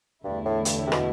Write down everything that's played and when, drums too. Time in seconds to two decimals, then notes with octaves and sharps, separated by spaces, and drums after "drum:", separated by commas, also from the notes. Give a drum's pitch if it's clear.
0.24 E2 G2 D3 A3 E4
0.45 A2
0.65 G2, drum: hi-hat
0.78 A2
0.87 C3
0.92 B2, drum: rim click